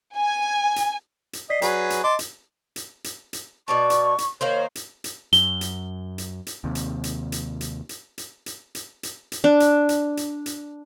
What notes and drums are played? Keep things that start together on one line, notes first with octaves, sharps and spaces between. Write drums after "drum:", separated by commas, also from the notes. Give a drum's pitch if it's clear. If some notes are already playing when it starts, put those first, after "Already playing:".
G#5
drum: hi-hat
drum: hi-hat
D5 D#5 B6 C7
F#3 G#4 B4, drum: hi-hat
drum: hi-hat
D#5 A5 C6 D6
drum: hi-hat
drum: hi-hat
drum: hi-hat
drum: hi-hat
B2 D5 A5 C#6
drum: hi-hat
drum: hi-hat
D#3 A#3 C5 C#5
drum: hi-hat
drum: hi-hat
F#2 G7, drum: hi-hat
drum: hi-hat
drum: hi-hat
drum: hi-hat
D#2 C3
drum: hi-hat
drum: hi-hat
drum: hi-hat
drum: hi-hat
drum: hi-hat
drum: hi-hat
drum: hi-hat
drum: hi-hat
drum: hi-hat
drum: hi-hat
D4
drum: hi-hat
drum: hi-hat
drum: hi-hat
drum: hi-hat